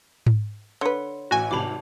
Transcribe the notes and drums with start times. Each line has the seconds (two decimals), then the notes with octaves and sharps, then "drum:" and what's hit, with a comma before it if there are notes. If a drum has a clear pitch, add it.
0.26 drum: tom G#2
0.81 D3 B4 C#5 C6 C#7
1.31 A1 F#4 G#5
1.51 G#1 C3 A5 B5 D6 F7